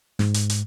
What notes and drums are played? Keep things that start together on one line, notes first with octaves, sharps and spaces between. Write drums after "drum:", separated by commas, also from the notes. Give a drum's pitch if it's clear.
G#2, drum: snare
drum: hi-hat
drum: hi-hat